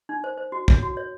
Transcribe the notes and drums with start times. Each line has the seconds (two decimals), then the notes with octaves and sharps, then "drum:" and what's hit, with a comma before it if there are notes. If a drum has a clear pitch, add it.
0.09 D#4
0.24 C5
0.38 C5
0.52 F#4
0.68 C#5, drum: kick
0.83 F#4
0.97 C#5